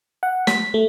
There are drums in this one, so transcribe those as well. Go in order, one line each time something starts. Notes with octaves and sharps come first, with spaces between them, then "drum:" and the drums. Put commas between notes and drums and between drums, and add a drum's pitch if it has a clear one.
F#5
B6, drum: snare
A3